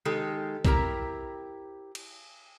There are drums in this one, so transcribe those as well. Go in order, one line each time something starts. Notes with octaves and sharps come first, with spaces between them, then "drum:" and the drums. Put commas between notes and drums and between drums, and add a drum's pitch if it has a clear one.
D#3 G#3 G4 A4
C4 E4 G4 A#4 A#5, drum: kick B1
drum: cymbal